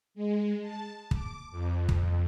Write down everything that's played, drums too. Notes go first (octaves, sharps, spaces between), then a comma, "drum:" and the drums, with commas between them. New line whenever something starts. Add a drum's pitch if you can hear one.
G#3
A5
D6, drum: kick
F2
drum: kick